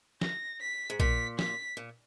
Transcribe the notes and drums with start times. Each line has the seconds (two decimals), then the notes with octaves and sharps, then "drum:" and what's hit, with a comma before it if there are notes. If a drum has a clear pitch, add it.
0.21 A#6, drum: snare
0.61 B6
0.90 G#2
1.00 A#2 B6, drum: kick A#1
1.39 B6, drum: snare
1.77 A#2